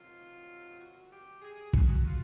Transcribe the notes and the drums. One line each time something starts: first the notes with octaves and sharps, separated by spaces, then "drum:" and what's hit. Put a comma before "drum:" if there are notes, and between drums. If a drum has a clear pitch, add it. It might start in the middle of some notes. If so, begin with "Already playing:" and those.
Already playing: C3 D#3 F#3 F4
F#4
G4
G#4
F#4, drum: kick
F4